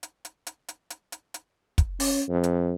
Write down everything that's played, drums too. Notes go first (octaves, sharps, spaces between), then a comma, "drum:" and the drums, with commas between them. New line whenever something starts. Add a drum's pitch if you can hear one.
drum: hi-hat
drum: hi-hat
drum: hi-hat
drum: hi-hat
drum: hi-hat
drum: hi-hat
drum: hi-hat
drum: kick, hi-hat
C#4, drum: open hi-hat
F2
drum: hi-hat